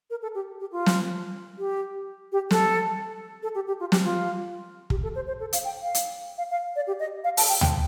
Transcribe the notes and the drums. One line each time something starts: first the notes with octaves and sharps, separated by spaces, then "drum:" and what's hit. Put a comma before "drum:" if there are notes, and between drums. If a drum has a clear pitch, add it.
A#4
A4
G4
G4
F4
drum: snare
G4
G4
A4, drum: snare
A4
G4
G4
F4
G4, drum: snare
F4
G4, drum: kick
A4
C5
C5
A4
F5, drum: hi-hat
G5
F5
drum: hi-hat
F5
F5
D5
G4
D#5
F5
A5, drum: open hi-hat
G5
G5, drum: tom D2